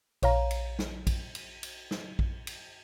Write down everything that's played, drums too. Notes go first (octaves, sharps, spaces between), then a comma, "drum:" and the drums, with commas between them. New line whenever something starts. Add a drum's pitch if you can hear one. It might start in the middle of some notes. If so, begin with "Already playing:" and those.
A#1 C#5 F5 A#5, drum: cymbal
drum: cymbal
drum: snare
drum: kick A#1, cymbal
drum: cymbal
drum: cymbal
drum: snare
drum: kick A#1
drum: cymbal